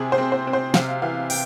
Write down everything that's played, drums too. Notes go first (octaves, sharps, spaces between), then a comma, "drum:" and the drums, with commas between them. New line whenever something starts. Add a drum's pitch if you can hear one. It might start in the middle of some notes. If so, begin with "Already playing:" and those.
Already playing: C3 C4 G#4
C5
C4
C5
C4
C5
C3 F5, drum: snare
E3 F5
G5, drum: open hi-hat